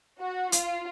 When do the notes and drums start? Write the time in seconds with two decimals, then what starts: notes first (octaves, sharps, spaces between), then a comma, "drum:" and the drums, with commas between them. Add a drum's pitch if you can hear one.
0.19 F#4
0.52 F4, drum: hi-hat